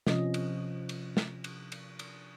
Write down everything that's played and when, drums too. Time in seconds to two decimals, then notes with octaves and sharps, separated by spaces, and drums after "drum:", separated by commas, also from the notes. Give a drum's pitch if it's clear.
0.07 C3 F3 C#4 D#5, drum: snare
0.34 drum: cymbal
0.89 drum: cymbal
1.17 drum: snare
1.44 drum: cymbal
1.72 drum: cymbal
1.99 drum: cymbal